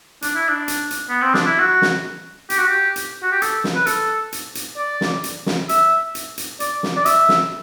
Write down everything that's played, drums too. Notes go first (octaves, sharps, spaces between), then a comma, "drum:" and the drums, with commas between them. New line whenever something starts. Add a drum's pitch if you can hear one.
D4, drum: hi-hat
E4
D4
drum: hi-hat
drum: hi-hat
B3
C4
D4, drum: snare
E4
F#4
drum: snare
G4, drum: hi-hat
F#4
G4
drum: hi-hat
F#4
G4
A4, drum: hi-hat
drum: snare
B4
A4, drum: hi-hat
drum: hi-hat
drum: hi-hat
D5
drum: snare
drum: hi-hat
drum: snare
E5, drum: hi-hat
drum: hi-hat
drum: hi-hat
D5, drum: hi-hat
drum: snare
D5
E5, drum: hi-hat
drum: snare